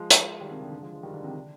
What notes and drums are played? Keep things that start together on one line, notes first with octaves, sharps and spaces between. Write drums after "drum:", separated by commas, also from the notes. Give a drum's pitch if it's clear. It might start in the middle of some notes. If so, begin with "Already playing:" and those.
Already playing: F3 G#3
drum: hi-hat
D#3 G3
C3 D#3
D3
D3
F3 G#3
F3 G#3
D#3 G3
D3 F3
C3 D#3
D3